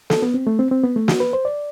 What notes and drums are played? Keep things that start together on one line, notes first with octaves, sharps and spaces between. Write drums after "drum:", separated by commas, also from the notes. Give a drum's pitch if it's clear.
A4, drum: snare
B3
C4
A3
C4
C4
B3
A3
F#4, drum: snare
B4
C5
D5